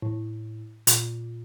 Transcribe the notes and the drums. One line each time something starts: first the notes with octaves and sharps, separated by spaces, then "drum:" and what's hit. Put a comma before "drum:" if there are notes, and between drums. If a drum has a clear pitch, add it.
A2
A#2, drum: hi-hat